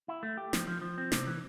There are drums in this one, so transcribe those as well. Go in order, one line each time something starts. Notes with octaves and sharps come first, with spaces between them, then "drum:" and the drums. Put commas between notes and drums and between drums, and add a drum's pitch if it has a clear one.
E4
A3
G4
F3, drum: snare
F3
F3
C4
C3, drum: snare
E3